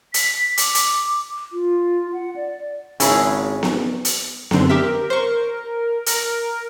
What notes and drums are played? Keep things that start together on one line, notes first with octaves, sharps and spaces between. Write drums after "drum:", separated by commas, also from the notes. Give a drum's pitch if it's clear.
B6, drum: hi-hat
D6, drum: hi-hat
drum: hi-hat
F4
F#5
D5
G#1 C#3 E4 G#4, drum: hi-hat
drum: snare B3
drum: hi-hat
F#2 D3 C4, drum: snare B3
G4 A#4 E5
C5 C#6
A#4, drum: hi-hat